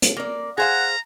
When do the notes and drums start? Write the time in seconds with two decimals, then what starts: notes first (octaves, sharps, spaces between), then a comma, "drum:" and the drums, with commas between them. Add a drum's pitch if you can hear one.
0.02 drum: hi-hat
0.17 A#3 D5
0.58 G#4 C5 F5 F#5 A#5